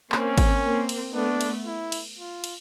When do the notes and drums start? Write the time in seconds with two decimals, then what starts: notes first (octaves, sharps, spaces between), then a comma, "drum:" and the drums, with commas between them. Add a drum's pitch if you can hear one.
0.12 A#3 C4 C#4, drum: clap
0.38 drum: kick G#1, cymbal
0.63 A#3 C4
0.89 drum: cymbal
1.14 A3 B3 D4
1.41 drum: cymbal
1.66 E4
1.92 drum: cymbal
2.18 F4
2.44 drum: cymbal